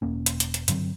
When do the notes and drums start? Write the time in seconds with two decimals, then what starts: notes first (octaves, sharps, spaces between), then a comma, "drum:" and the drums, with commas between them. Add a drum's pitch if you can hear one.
0.02 E1 A#3 C#4
0.26 drum: hi-hat
0.40 drum: hi-hat
0.54 drum: hi-hat
0.68 G2 D3 F#3 C4, drum: hi-hat